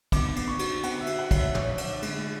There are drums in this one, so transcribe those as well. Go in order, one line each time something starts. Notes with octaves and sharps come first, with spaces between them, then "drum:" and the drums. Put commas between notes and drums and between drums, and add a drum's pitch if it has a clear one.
B3 D6, drum: kick, cymbal
B3, drum: cymbal
C#6
F#4, drum: cymbal
B3 F#5, drum: cymbal
E5
F#4, drum: cymbal
F#5
C#5, drum: kick, cymbal
E5
C#5, drum: tom
C#5, drum: cymbal
G#3, drum: cymbal